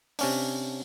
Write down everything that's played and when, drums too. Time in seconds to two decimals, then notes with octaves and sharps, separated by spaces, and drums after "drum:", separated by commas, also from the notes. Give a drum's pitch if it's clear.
0.19 C3 C#4 D4, drum: open hi-hat